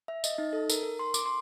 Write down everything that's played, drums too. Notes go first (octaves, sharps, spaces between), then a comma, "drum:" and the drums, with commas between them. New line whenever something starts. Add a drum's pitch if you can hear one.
E5
D#5, drum: tambourine
D#4
A4
A#4, drum: tambourine
A#4
C6
D6, drum: tambourine
C6